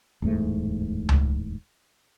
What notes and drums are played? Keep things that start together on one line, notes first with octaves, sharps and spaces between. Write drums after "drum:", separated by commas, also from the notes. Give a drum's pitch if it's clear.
D1 E2 G#2 A3
drum: tom C#2